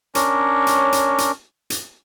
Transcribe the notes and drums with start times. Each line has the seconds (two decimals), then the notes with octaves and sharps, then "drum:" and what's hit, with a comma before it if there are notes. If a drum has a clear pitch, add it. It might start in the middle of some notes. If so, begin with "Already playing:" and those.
0.15 C#4 D4 A#4 C#5, drum: hi-hat
0.67 drum: hi-hat
0.93 drum: hi-hat
1.18 drum: hi-hat
1.70 drum: hi-hat